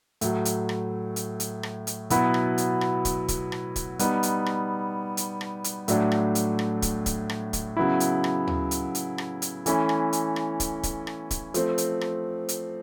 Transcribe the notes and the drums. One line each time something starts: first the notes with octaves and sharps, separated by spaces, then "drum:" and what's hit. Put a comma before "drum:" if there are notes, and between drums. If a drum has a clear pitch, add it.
A2 F#3 A3, drum: hi-hat
drum: hi-hat
drum: rim click
drum: hi-hat
drum: hi-hat
drum: rim click
drum: hi-hat
B2 F#3 B3 E4, drum: hi-hat
drum: rim click
drum: hi-hat
drum: rim click
drum: kick, hi-hat
drum: kick, hi-hat
drum: rim click
drum: kick, hi-hat
G3 B3 D#4, drum: hi-hat
drum: hi-hat
drum: rim click
drum: hi-hat
drum: rim click
drum: hi-hat
A2 F#3 A3 D4, drum: hi-hat
drum: rim click
drum: hi-hat
drum: rim click
drum: kick, hi-hat
drum: kick, hi-hat
drum: rim click
drum: kick, hi-hat
C#3 F#3 B3 E4
drum: hi-hat
drum: rim click
drum: tom D2
drum: hi-hat
drum: hi-hat
drum: rim click
drum: hi-hat
E3 A3 C#4 E4, drum: hi-hat
drum: rim click
drum: hi-hat
drum: rim click
drum: kick, hi-hat
drum: kick, hi-hat
drum: rim click
drum: kick, hi-hat
F3 A3 C4, drum: hi-hat
drum: hi-hat
drum: rim click
drum: hi-hat